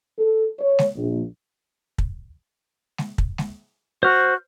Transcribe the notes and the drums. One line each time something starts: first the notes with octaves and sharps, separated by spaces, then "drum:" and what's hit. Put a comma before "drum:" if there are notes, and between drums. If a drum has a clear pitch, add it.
A4
C#5
drum: snare G#3
A#1
drum: kick
drum: snare G#3
drum: kick
drum: snare G#3
F#4 C5 F6